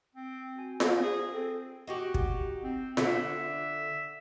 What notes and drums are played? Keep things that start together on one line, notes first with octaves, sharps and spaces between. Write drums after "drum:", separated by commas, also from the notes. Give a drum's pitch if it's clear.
C4
F#4 G#5
G5 G#5 A#6, drum: snare F4
G#4 C5 G#5
C4 A4
D#4 F#4 G4
drum: kick
C4
D3 E5, drum: snare F4